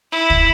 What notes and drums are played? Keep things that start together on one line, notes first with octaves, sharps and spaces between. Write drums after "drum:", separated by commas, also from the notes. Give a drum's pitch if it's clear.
E4
drum: kick